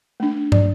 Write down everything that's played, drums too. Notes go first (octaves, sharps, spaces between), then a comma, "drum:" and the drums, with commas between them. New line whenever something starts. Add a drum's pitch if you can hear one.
A3 D4
F#3 D5, drum: tom